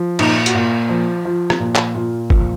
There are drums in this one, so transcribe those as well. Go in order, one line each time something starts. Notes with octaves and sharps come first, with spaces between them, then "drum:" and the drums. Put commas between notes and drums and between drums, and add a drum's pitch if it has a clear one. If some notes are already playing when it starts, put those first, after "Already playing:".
Already playing: F3
A#2 D#4, drum: cymbal
F#4, drum: hi-hat
A#2 F4
F3
F3 F4
drum: rim click
A#2
drum: clap
A#2 F4
F3, drum: kick